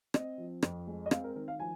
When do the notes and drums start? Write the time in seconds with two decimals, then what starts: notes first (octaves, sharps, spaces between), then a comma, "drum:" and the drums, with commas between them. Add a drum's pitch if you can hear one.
0.14 C4 D#5, drum: rim click
0.38 F3
0.63 F2, drum: rim click
0.87 G#3
1.06 D#5
1.11 C4 F5, drum: rim click
1.24 A#4
1.35 D#3 A#4
1.48 F5
1.59 F3 G#5